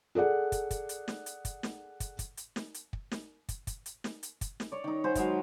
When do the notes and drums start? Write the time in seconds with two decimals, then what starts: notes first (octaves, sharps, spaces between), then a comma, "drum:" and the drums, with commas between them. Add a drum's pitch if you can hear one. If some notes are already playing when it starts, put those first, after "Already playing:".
0.15 G#4 A4 D5 F#5
0.52 drum: kick, hi-hat
0.71 drum: kick, hi-hat
0.89 drum: hi-hat
1.08 drum: snare
1.26 drum: hi-hat
1.45 drum: kick, hi-hat
1.63 drum: snare
2.00 drum: kick, hi-hat
2.19 drum: kick, hi-hat
2.37 drum: hi-hat
2.56 drum: snare
2.74 drum: hi-hat
2.93 drum: kick
3.12 drum: snare
3.49 drum: kick, hi-hat
3.67 drum: kick, hi-hat
3.86 drum: hi-hat
4.04 drum: snare
4.23 drum: hi-hat
4.41 drum: kick, hi-hat
4.60 drum: snare
4.72 C#5 D5
4.84 D#3 D#4
5.04 C5 F#5 G#5 B5
5.15 F#3 G#3 F5, drum: kick, hi-hat